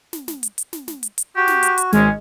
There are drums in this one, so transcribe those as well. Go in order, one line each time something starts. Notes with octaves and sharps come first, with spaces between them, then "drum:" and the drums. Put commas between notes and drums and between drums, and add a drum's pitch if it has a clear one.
drum: snare
drum: snare
drum: hi-hat
drum: hi-hat
drum: snare
drum: snare
drum: hi-hat
drum: hi-hat
F#4 G4
drum: snare
drum: hi-hat
drum: hi-hat
G#1 G#3 C#4, drum: snare